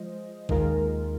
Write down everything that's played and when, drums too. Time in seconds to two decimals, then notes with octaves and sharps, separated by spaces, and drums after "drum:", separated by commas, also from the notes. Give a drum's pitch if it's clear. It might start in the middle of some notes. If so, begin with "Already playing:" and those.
Already playing: F3 G#3 F4 C5 D#5
0.49 D#2 D#3 G#3 F4 A#4, drum: kick A1